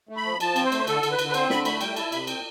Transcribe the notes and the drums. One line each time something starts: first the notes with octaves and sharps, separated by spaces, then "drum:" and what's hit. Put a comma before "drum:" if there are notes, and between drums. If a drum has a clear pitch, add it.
A3
B5
F3
F3 A5, drum: cymbal
C4, drum: cymbal
C5
A3, drum: cymbal
D3 A4, drum: cymbal
D3, drum: cymbal
B4
D3, drum: cymbal
B4
C4 C5, drum: cymbal
D3 B5, drum: snare
A3 B5, drum: cymbal
G3 G5, drum: cymbal
E4 A5, drum: cymbal
C3 B5, drum: cymbal
C4 G5, drum: cymbal